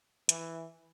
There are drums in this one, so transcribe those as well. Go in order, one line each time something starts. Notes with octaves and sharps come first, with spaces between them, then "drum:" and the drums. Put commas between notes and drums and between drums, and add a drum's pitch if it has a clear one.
E3, drum: hi-hat